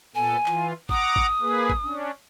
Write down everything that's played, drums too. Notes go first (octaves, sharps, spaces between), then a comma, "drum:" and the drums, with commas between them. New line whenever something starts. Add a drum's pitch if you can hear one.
A#2 B3 A4 G#5
E3 F4, drum: clap
F#5 A#5 D6 D#6, drum: kick
drum: kick
A#3 G#4 B4
drum: kick
C#4 D4